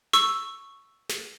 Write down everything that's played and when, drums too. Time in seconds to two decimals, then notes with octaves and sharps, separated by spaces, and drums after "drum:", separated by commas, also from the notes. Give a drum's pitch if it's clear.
0.13 C#6 E6, drum: snare
1.09 drum: snare